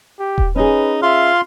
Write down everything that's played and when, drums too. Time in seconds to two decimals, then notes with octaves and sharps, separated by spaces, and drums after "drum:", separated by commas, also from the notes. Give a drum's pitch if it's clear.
0.19 G4
0.38 drum: kick D#1
0.56 C#4 D#4 G#4 B4
1.02 F4 E5 F5 C6